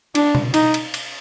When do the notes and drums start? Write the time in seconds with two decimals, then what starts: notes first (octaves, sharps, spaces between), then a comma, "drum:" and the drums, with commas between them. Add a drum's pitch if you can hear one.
0.15 D4, drum: cymbal
0.35 drum: tom B2
0.54 D#4, drum: cymbal
0.74 drum: cymbal
0.94 drum: cymbal